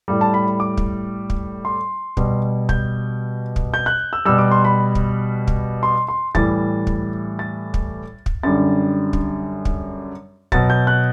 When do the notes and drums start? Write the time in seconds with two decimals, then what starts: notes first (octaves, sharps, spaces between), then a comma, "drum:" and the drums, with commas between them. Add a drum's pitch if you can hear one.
0.08 A2 G3
0.21 A5
0.34 B5
0.47 B5
0.60 D6
0.77 drum: kick
1.30 drum: kick
1.65 C6
2.17 B2 G3, drum: kick
2.69 G6, drum: kick
3.56 drum: kick
3.74 G6
3.86 F#6
4.13 E6
4.25 B2 G3 E6
4.38 D6
4.51 C6
4.65 B5
4.95 drum: kick
5.47 drum: kick
5.83 C6
6.08 C6
6.35 A2 E3 G3 A6, drum: kick
6.87 drum: kick
7.39 A6
7.74 drum: kick
8.26 drum: kick
8.43 F#2 D3 G3 A6
9.13 drum: kick
9.65 drum: kick
10.52 B2 F#3 A6, drum: kick
10.70 G6
10.87 F#6